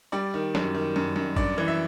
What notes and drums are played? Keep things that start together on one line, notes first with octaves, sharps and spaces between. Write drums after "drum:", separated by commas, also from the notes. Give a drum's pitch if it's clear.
G3 D5
D#3
F#2, drum: snare
D#3
F#2
F#2
G2 D5, drum: kick G#1
E3
E5